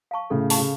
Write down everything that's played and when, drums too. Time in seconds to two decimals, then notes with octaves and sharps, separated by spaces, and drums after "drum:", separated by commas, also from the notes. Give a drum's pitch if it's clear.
0.11 F5 A5 C#6
0.30 A2 C#3 A4
0.50 F5 A5 C#6, drum: open hi-hat
0.58 C#3